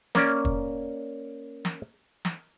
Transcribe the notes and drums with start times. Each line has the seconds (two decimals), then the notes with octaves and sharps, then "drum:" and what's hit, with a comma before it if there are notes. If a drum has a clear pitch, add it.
0.15 A#3 C#4 D5, drum: snare
0.45 drum: kick
1.65 drum: snare
2.25 drum: snare